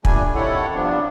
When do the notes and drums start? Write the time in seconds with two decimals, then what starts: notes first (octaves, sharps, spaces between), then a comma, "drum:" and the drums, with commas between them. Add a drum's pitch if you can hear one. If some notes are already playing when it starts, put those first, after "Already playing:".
0.05 A#2 G3 A3 D4 G#5, drum: kick
0.35 C3 D#3 E4 A4 C#5 F#5
0.74 G2 C3 F3 B3 D4